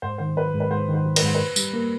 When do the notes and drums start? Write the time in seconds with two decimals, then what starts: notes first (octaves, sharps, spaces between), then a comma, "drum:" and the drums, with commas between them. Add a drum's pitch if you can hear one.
0.02 G#2 C5
0.18 D#3 C5
0.36 F#3 B4
0.54 G#2
0.60 B4
0.71 G#2 C5
0.89 D#3
0.94 C5
1.05 F#3
1.16 B4, drum: cymbal
1.22 G#2 C5
1.35 A#2 B4
1.56 G3, drum: tambourine
1.74 A#3